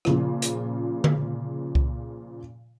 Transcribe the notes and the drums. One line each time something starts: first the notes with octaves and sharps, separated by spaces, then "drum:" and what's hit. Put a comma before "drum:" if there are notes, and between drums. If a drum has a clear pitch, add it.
A#2 C#3 F3, drum: rim click
drum: hi-hat
drum: tom D3
drum: kick C2